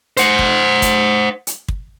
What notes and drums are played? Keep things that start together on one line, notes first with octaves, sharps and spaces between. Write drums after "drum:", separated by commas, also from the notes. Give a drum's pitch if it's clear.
C5 F#5, drum: hi-hat
drum: kick
drum: kick, hi-hat
drum: hi-hat
drum: kick